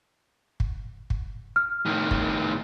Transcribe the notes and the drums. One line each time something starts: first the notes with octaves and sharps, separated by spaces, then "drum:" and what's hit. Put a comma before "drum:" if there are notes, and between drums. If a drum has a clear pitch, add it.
drum: kick
drum: kick
F6
A2 D#3
drum: kick